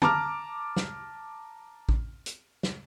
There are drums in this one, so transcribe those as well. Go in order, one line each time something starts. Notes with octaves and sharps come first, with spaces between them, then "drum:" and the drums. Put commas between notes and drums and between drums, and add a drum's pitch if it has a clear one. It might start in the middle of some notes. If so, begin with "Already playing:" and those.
A5 A#5 D6 F6, drum: tom
drum: snare
drum: kick A1
drum: hi-hat
drum: snare